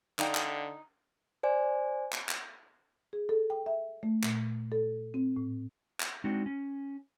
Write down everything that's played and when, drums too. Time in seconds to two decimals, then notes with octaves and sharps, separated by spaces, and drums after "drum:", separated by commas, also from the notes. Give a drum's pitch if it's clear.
0.19 D3 D#4 D5 F5 G5, drum: clap
0.35 drum: clap
1.43 C5 D5 G#5
2.12 drum: clap
2.29 drum: clap
3.13 G#4
3.29 A4
3.50 G5
3.66 E5
4.03 A3
4.23 A#2, drum: clap
4.72 A4
5.14 C4
5.37 A2
6.00 drum: clap
6.24 G#3 C4 D4 D#4 F#4
6.46 C#4